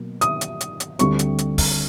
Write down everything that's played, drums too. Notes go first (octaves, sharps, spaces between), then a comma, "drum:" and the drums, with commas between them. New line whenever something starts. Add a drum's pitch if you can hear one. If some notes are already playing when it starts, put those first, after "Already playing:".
Already playing: B2 F#3 A#3
D#6, drum: hi-hat
drum: hi-hat
drum: hi-hat
drum: hi-hat
D2 D3 G3 C4 C#6, drum: hi-hat
drum: hi-hat
drum: hi-hat
drum: kick, open hi-hat